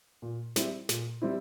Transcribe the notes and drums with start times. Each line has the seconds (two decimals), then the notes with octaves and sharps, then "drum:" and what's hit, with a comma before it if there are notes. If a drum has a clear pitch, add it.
0.22 A#2
0.56 G3 C4 E4, drum: snare
0.89 A#2, drum: snare
1.22 G3 C4 E4